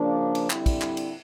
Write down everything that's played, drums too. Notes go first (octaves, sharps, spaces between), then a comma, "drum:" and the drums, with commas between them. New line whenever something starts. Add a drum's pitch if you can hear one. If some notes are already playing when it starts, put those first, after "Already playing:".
Already playing: C#3 F3 A#3 D4
drum: cymbal
D3 G3 C4 E4, drum: clap
drum: kick, cymbal
drum: clap
drum: cymbal